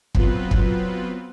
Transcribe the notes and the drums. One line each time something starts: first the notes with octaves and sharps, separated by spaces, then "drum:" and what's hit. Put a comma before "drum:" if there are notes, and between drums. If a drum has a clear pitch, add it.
F#3 B3 C4 F4 B4, drum: kick
drum: kick